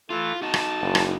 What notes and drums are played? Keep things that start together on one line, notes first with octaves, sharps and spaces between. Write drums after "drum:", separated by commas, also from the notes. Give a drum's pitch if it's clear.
E3 A3 F4
D#4 F#4 A5
drum: rim click
F#1
drum: rim click